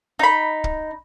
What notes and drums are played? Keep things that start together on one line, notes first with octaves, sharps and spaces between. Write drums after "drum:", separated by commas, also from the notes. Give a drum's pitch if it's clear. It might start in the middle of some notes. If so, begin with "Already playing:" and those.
D#4 B5
drum: kick